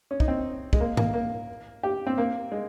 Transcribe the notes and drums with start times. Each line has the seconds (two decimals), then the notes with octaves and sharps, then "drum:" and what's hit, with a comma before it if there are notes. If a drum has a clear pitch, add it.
0.11 C#4
0.20 D#4, drum: kick
0.28 C4
0.73 G#3, drum: kick
0.80 A#3
0.97 A#3, drum: tom G#2
1.14 A#3
1.83 G4
2.07 C4
2.18 A#3
2.52 G#3